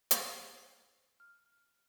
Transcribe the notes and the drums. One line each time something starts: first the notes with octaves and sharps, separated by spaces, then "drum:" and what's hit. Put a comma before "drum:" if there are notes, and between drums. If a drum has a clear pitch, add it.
drum: hi-hat
C7
F6